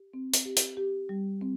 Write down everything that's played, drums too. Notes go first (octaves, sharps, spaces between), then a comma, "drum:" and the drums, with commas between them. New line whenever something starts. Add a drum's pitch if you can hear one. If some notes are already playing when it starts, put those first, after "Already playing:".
Already playing: G4
C4
drum: hi-hat
G4
drum: hi-hat
G4
G3
C4